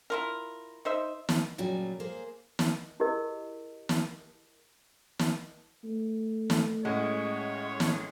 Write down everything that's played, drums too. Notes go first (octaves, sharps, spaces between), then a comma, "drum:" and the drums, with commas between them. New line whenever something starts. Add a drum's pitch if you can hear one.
E4 F4 A#4
D#4 C5 E5
drum: snare
A#2 C#3 F#3 G3
A#3 G#4 C5
drum: snare
E4 G4 G#4 A#4 D#5
drum: snare
drum: snare
A3
drum: snare
A2 G#3 C#4 C#5 F#5
drum: snare